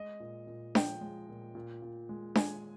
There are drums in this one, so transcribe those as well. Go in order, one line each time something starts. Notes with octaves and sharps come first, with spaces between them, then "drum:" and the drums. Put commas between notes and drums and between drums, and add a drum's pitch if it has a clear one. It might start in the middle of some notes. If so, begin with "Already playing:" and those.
Already playing: G#3 D#5
A#2
A#2
F3 G5, drum: snare D4
G#3
A#2
A#2
A#2
G#3
G#3 G#5, drum: snare D4